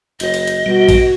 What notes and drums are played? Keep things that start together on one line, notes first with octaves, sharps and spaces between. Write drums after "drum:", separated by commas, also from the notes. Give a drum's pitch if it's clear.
F#1 D#5, drum: cymbal
drum: cymbal
drum: cymbal
B2 G3 F#4
drum: kick A#1, cymbal